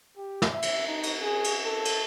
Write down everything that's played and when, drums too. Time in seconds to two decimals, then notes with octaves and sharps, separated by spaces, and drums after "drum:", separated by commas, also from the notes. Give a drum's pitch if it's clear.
0.17 G4
0.42 drum: snare
0.53 E5
0.62 drum: cymbal
0.87 D#4
1.03 drum: cymbal
1.21 G#4
1.44 drum: cymbal
1.65 A4
1.85 drum: cymbal